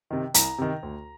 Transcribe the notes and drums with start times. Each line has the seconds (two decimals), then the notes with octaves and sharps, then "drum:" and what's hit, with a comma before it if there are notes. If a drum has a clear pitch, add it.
0.11 C3 D#3
0.34 C2 A#5, drum: hi-hat
0.58 C3 D#3
0.83 D2